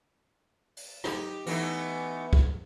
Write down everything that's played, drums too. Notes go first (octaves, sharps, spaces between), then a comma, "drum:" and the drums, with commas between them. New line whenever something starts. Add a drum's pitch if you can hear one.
drum: open hi-hat
D#4 G4, drum: rim click
E3 A3 B3 D#4, drum: open hi-hat
drum: kick